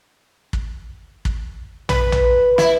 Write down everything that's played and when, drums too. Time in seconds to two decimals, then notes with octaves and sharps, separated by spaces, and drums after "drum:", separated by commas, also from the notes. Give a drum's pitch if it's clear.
0.53 drum: kick
1.25 drum: kick
1.89 B4, drum: tom A#1
2.12 drum: tom A#1
2.58 E4, drum: snare